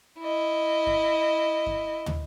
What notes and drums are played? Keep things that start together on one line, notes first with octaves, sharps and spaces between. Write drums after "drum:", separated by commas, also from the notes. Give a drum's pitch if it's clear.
E4 D#5
drum: kick F#2
drum: kick F#2
drum: tom